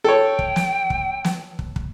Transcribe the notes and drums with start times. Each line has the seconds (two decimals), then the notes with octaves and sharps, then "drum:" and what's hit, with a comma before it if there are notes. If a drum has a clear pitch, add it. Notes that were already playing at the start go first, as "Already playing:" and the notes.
0.04 A4 C#5 G5
0.39 drum: kick
0.56 drum: snare
0.90 drum: kick
1.24 drum: snare
1.59 drum: kick
1.76 drum: kick